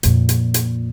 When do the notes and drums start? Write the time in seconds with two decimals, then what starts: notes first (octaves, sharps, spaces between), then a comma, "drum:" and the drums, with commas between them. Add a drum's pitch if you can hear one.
0.03 F2 A#2, drum: hi-hat
0.29 drum: hi-hat
0.54 drum: hi-hat